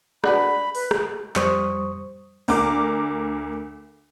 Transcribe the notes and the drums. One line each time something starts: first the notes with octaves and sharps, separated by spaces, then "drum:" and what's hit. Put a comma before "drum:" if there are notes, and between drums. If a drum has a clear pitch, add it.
D4 F#4 B4 B5, drum: rim click
B4, drum: open hi-hat
drum: rim click
F2 G3 C5 C#6 D#6, drum: clap
D2 A#4 D6, drum: open hi-hat